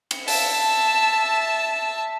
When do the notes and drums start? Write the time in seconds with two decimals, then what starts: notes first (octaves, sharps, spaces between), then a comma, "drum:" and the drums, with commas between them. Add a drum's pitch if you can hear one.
0.11 drum: cymbal
0.28 E5 A5, drum: open hi-hat